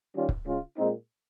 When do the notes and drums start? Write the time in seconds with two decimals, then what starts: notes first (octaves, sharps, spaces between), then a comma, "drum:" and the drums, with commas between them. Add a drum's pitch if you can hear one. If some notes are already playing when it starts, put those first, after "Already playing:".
0.17 D#3 G3 C#4 F4
0.29 drum: kick
0.47 C#3 G#3 C#4 F4
0.78 A#2 G#3 C4 D#4